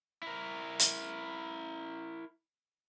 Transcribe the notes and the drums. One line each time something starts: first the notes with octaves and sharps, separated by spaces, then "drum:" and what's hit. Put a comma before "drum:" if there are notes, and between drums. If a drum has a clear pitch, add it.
E4 A#4
drum: hi-hat